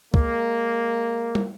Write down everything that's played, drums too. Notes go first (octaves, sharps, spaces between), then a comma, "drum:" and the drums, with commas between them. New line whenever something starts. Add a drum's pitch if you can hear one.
G#3 A#3, drum: kick
drum: tom